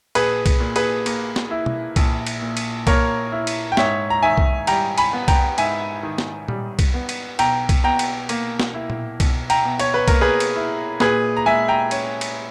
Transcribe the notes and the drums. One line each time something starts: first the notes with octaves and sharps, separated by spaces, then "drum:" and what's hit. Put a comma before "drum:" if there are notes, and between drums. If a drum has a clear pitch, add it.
A#1 G#4 B4, drum: cymbal
drum: kick C2, cymbal
A#2
G#4 B4, drum: cymbal
A#3, drum: cymbal
drum: snare
E4
drum: tom B2
A#1, drum: kick C2, cymbal
drum: cymbal
A#2
drum: cymbal
A#3 A#4 C#5, drum: kick C2, cymbal
E4
drum: cymbal
G5
G#2 C#5 E5, drum: snare
A#5
D#3 E5 G#5
drum: kick C2
G3 G5 A#5, drum: cymbal
G#5 B5, drum: cymbal
B3
G5 A#5, drum: kick C2, cymbal
G#2 E5 G#5, drum: cymbal
D#3
drum: snare
G3, drum: tom A#2
drum: kick C2, cymbal
B3
drum: cymbal
B1 G5 A#5, drum: cymbal
drum: kick C2, cymbal
B2 G5 A#5
drum: cymbal
A#3, drum: cymbal
drum: snare
E4
drum: tom A#2
B1, drum: kick C2, cymbal
G5 A#5, drum: cymbal
B2
C#5, drum: cymbal
B4
A#3 A#4, drum: kick C2, cymbal
G#4 B4
drum: cymbal
E4
A#2 G#4 B4, drum: snare
A#5
G#3 E5 G#5
G5 A#5
C#4, drum: cymbal
drum: cymbal